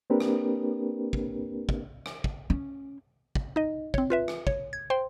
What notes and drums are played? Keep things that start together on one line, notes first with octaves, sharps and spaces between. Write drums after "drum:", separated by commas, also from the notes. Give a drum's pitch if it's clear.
A#3 C4 D4 G4 A#4 B4
drum: rim click
drum: kick
drum: kick
drum: rim click
drum: kick
C#4
drum: kick
D#4 D#5
C4 C#5, drum: kick
F4 B4 E5
drum: rim click
C#5, drum: kick
G#6
C5 G5 C6